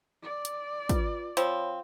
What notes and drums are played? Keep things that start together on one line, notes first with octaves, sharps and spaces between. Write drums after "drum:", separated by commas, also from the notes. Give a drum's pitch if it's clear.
D5
drum: hi-hat
F4 B4, drum: kick, hi-hat
F3 C4 C#5 B5, drum: hi-hat